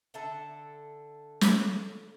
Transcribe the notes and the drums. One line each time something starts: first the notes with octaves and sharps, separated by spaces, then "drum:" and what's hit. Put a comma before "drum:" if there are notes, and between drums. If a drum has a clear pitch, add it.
D3 A4 E5 A5
drum: snare